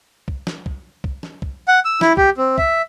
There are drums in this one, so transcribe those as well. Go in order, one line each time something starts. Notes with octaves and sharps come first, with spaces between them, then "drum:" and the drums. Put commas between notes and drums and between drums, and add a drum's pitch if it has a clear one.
drum: kick
drum: snare
drum: kick
drum: kick
drum: snare
drum: kick
F#5
E6
E4, drum: snare
G4, drum: kick
C4
E5, drum: kick